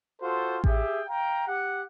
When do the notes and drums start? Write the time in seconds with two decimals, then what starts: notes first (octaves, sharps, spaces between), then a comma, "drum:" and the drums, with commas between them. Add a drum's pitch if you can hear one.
0.21 F4 F#4 A4 C5
0.64 G4 G#4 E5 G5, drum: kick A1
1.08 F5 G5 A#5
1.47 G4 F#5